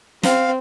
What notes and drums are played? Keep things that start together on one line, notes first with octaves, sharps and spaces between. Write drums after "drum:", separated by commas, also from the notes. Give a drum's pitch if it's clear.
C4 F5, drum: snare